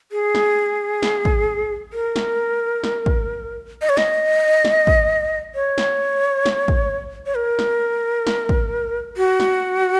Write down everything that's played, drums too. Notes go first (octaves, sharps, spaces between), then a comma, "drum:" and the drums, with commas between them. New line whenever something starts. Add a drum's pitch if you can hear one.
G#4
drum: snare
drum: snare
drum: kick
A#4
drum: snare
drum: snare
drum: kick
D#5
C#5
D#5, drum: snare
drum: snare
drum: kick
C#5
drum: snare
drum: snare
drum: kick
C#5
A#4
drum: snare
drum: snare
drum: kick
F#4
drum: snare